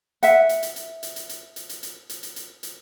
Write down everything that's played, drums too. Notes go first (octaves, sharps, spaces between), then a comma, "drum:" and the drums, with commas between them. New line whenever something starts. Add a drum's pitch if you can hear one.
E5 F#5, drum: hi-hat
drum: hi-hat
drum: hi-hat
drum: hi-hat
drum: hi-hat
drum: hi-hat
drum: hi-hat
drum: hi-hat
drum: hi-hat
drum: hi-hat
drum: hi-hat
drum: hi-hat
drum: hi-hat
drum: hi-hat